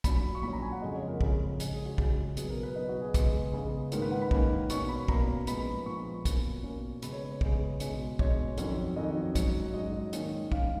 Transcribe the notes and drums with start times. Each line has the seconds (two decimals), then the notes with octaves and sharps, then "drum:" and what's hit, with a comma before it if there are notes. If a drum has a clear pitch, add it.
0.04 A#2 F#3 C#4 B5, drum: kick, hi-hat
0.35 C#6
0.43 A#2 F#3 C#4 B5
0.53 A#5
0.62 G#5
0.72 F#5
0.82 F2 C#3 F3 G#3 D#5
0.95 C#5
1.08 A#4
1.21 F2 C#3 F3 G#3, drum: kick
1.60 C#3 G#3 C#4, drum: hi-hat
1.73 G#4
1.85 F#4
1.98 C#3 G#3 C#4 G#4, drum: kick
2.37 B2 F#3 B3 G#4, drum: hi-hat
2.50 A#4
2.63 B4
2.76 B2 F#3 B3 D#5
2.89 F#4
3.02 G#4
3.14 C#3 G#3 B3, drum: kick, hi-hat
3.53 C#3 G#3 B3
3.92 G#2 D#3 A#3 C#4 A#4, drum: hi-hat
4.02 B4
4.11 F#5
4.22 B5
4.31 G#2 D#3 A#3 C#4, drum: kick
4.70 B2 A#3 C#4 C#6, drum: hi-hat
4.89 B5
5.08 B2 A#3 C#4 A#5, drum: kick
5.47 A#2 F3 G#3 B3 B5, drum: hi-hat
5.86 A#2 F3 G#3 B3 C#6
6.25 B2 A#3 C#4, drum: kick, hi-hat
6.63 B2 A#3 C#4
7.02 C#3 G#3 B3 B5, drum: hi-hat
7.12 C#5
7.32 C#5
7.41 C#3 G#3 B3, drum: kick
7.80 B2 G#3 C#4, drum: hi-hat
8.19 B2 G#3 C#4 C#5, drum: kick
8.57 F2 D#3 F#3 C#4, drum: hi-hat
8.96 F2 D#3 F#3 C#4 D#5
9.35 G#2 F#3 C#4, drum: kick, hi-hat
9.74 G#2 F#3 C#4 D#5
10.13 G#2 D#3 A#3 C#4, drum: hi-hat
10.52 G#2 D#3 A#3 C#4 F5, drum: kick